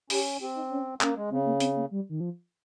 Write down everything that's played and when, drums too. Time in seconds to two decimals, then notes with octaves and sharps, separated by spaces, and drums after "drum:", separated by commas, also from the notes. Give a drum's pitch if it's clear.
0.10 C#4 G4, drum: open hi-hat
0.40 C4 G4
0.55 D#4
0.70 C#4
1.01 A#3 C#4, drum: clap
1.16 G#3
1.31 C#3 C4
1.46 A#3
1.60 C4, drum: hi-hat
1.76 A#3
1.91 G3
2.09 D#3
2.20 F3